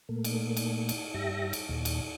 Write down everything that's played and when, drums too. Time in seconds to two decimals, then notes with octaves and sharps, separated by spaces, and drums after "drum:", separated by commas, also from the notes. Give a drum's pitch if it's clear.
0.09 A#2 A3 A#3
0.24 drum: cymbal
0.57 drum: cymbal
0.89 drum: cymbal
1.14 G2 G4 E5 A#6
1.53 drum: cymbal
1.69 D#2 A#2
1.85 drum: cymbal